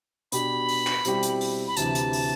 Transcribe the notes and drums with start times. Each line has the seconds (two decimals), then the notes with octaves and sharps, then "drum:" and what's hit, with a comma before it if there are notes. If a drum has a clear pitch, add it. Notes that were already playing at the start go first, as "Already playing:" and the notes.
0.32 B2 B3 D4 G4 B4 B5, drum: hi-hat
0.69 drum: open hi-hat
0.87 drum: clap
1.05 B2 G3 C4 E4 G4, drum: hi-hat
1.23 drum: hi-hat
1.41 drum: open hi-hat
1.67 B5
1.77 D2 C3 E3 A5, drum: hi-hat
1.95 drum: hi-hat
2.13 drum: open hi-hat